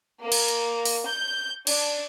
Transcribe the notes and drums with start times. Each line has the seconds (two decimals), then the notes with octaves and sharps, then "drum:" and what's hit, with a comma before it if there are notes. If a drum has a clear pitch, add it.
0.21 A#3
0.32 drum: cymbal
0.48 drum: hi-hat
0.85 drum: open hi-hat
1.07 G6
1.67 D4, drum: cymbal